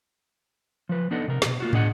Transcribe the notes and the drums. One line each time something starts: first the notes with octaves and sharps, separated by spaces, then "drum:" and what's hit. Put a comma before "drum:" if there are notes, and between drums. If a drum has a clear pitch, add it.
F3 B4
B3 D4 D#4 A4 D#5 F#5
C3 A#4
F#2 B2, drum: snare
A#3 F4 F#4
B2 D4 G#4 D#5 F#5, drum: tom